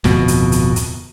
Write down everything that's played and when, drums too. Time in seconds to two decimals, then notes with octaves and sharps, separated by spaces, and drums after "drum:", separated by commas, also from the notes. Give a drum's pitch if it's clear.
0.04 D1 F2 B2, drum: snare
0.28 drum: hi-hat
0.52 drum: hi-hat
0.76 drum: hi-hat